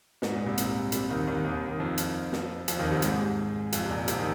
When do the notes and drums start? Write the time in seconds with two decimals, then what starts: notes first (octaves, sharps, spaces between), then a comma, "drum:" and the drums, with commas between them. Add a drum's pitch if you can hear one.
0.22 G#2, drum: snare
0.35 A#2
0.46 C2 C3
0.58 A#2, drum: hi-hat
0.92 C2 C3, drum: hi-hat
1.10 D#2 D#3
1.27 D#2 D#3
1.44 D#2 D#3
1.68 D#3
1.80 F2 F3
1.98 drum: hi-hat
2.33 drum: snare
2.68 F2 F3, drum: hi-hat
2.79 D#2 D#3
2.91 C2 C3
3.02 G#2 G#3, drum: hi-hat
3.72 F2 F3, drum: hi-hat
3.85 C3
3.90 A#2
4.08 C2 C3, drum: hi-hat
4.19 D#3